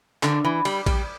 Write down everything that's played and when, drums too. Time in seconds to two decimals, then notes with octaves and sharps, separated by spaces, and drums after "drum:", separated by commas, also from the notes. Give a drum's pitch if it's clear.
0.23 D3, drum: clap
0.45 E3
0.65 G3, drum: cymbal
0.86 G3, drum: kick A#1, cymbal